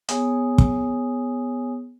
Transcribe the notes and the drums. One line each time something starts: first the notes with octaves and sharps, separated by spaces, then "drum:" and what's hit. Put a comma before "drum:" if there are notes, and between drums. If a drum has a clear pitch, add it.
B3 G#4 C#5 G#5 D#6, drum: hi-hat
drum: kick